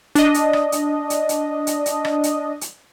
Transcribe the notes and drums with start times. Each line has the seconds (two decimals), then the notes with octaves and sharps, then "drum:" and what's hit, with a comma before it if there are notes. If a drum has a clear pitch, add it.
0.15 D4 D#5, drum: hi-hat
0.34 drum: hi-hat
0.53 drum: rim click
0.72 drum: hi-hat
1.10 drum: hi-hat
1.29 drum: hi-hat
1.67 drum: hi-hat
1.86 drum: hi-hat
2.05 drum: rim click
2.23 drum: hi-hat
2.61 drum: hi-hat